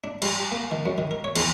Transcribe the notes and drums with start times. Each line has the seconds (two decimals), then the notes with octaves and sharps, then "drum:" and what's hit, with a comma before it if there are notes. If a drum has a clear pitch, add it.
0.04 D4
0.22 G3, drum: cymbal
0.52 A#3
0.71 D#3
0.86 F#2
0.98 D#3
1.11 A#4
1.24 C#5
1.36 E2, drum: cymbal